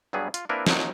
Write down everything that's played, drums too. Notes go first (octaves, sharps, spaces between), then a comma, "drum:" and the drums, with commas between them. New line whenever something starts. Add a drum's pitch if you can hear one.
G2 F#3 G3 B3 G#4
F4, drum: hi-hat
A#3 C4 D4 E4 A#4 B4
D#2 A#2 F3 F#3 D#4, drum: snare